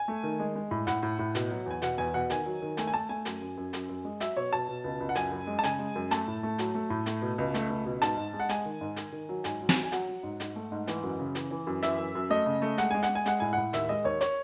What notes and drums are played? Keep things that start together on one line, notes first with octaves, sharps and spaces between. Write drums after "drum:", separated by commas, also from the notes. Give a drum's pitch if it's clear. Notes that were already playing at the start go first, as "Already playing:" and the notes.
Already playing: G#5
A3
D#3
G#3
G#3
A2
A2 F#5, drum: hi-hat
A2
A2
B2, drum: hi-hat
F#3
E2 G#5
B2 F#5, drum: hi-hat
E2 G#5
B2 F#5
D#3 G#5, drum: hi-hat
F#3
D#3
A3 G#5, drum: hi-hat
G#5
A3 A5
A3 G#5
F#2, drum: hi-hat
F#2
F#2
F#2, drum: hi-hat
F#2
G#3
F#3 E5, drum: hi-hat
B2 C#5
B2 A5
B2
C#2
C#2
F#5
F#2 G#5, drum: hi-hat
F#2
G#3
A5
C#3 G#5, drum: hi-hat
G#3
F#2
A3 A5, drum: hi-hat
A2
A3
F#3, drum: hi-hat
A3
A2
A3, drum: hi-hat
B2
C#2
A3, drum: hi-hat
C#2
B2
G#2 A5, drum: hi-hat
G#2
G#3
F#5
G#3 G#5, drum: hi-hat
D#3
G#2
D#3, drum: hi-hat
D#3
F#3
G#2 G#5, drum: hi-hat
F#3
G#5, drum: snare
F#3
G#5
F#3 F#5, drum: hi-hat
F#3
G#2
G#2, drum: hi-hat
A3
G#2
E3, drum: hi-hat
F#2
C#3
E3, drum: hi-hat
E3
F#2
E3 E5, drum: hi-hat
F#2
F#2
A3 D#5
C#3
A3
G#3 F#5, drum: hi-hat
G#3 G#5
F#5, drum: hi-hat
G#3
G#5
G#3 F#5, drum: hi-hat
A2 G#5
A2 F#5
D#2 E5, drum: hi-hat
G#3 D#5
D#2 C#5
C#5, drum: hi-hat